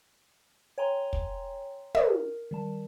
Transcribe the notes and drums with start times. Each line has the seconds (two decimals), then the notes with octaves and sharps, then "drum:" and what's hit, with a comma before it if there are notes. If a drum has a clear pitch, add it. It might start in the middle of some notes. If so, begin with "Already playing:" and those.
0.78 C#5 G5 G#5 A#5 C6
1.13 drum: kick
1.95 A#4, drum: tom
2.51 D#3 G3 A5